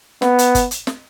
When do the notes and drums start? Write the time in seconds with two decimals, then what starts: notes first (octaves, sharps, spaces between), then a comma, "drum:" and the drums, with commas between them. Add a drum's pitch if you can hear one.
0.22 B3, drum: snare
0.39 drum: hi-hat
0.55 drum: kick G1, hi-hat
0.71 drum: hi-hat
0.87 drum: snare